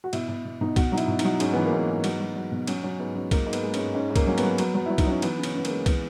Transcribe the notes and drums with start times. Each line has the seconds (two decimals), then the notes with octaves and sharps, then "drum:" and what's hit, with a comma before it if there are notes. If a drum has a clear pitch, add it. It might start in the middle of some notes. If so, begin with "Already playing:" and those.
0.04 F#4
0.13 B2 E4, drum: cymbal
0.28 B2 E4
0.45 B2
0.61 B2 D#4
0.76 B2 F#4, drum: kick C2, cymbal
0.92 F#3 D#4
0.98 E4, drum: cymbal
1.08 B2
1.19 D#4, drum: cymbal
1.24 F#3
1.40 G#2 C#4, drum: cymbal
1.53 E3 B3
1.65 A#3
1.72 G#2 B3
1.88 G#2
2.04 F#3, drum: cymbal
2.20 F#3
2.36 F#3
2.52 B2
2.67 F#3 C#4, drum: cymbal
2.83 F#3 C#4
2.99 G#2 B3
3.16 F#3 C#4
3.31 G#2 A#3, drum: kick C2, cymbal
3.47 G#2
3.53 B3, drum: cymbal
3.63 G#3
3.74 C#4, drum: cymbal
3.79 G#2
3.95 G#2 C#4
4.11 G#2
4.16 A#3, drum: kick C2, cymbal
4.27 F#3 C#4
4.38 B3, drum: cymbal
4.43 F#3
4.58 F#3, drum: cymbal
4.74 F#3
4.86 F#3 E4
4.98 D#4, drum: kick C2, cymbal
5.07 F#3 C#4
5.22 E3 B3, drum: cymbal
5.38 C#3
5.43 C#4, drum: cymbal
5.54 C#3 B3
5.65 A#3, drum: cymbal
5.70 G#3
5.86 E3 B3, drum: kick C2, cymbal